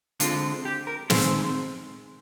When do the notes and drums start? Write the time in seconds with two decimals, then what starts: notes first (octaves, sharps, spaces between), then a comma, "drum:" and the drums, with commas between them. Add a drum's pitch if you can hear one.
0.20 D3 G#3 C4 F4, drum: hi-hat
0.65 G4
0.87 A#4
1.10 D#3 G#3 C4 C5, drum: snare